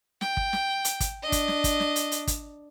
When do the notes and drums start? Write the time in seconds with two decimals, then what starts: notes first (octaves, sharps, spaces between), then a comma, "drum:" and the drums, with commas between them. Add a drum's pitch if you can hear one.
0.21 G5, drum: snare
0.37 drum: kick
0.53 drum: snare
0.85 drum: hi-hat
1.00 drum: kick, hi-hat
1.22 D4 D#5
1.32 drum: kick, hi-hat
1.48 drum: snare
1.64 drum: kick, hi-hat
1.80 drum: snare
1.96 drum: hi-hat
2.12 drum: hi-hat
2.27 drum: kick, hi-hat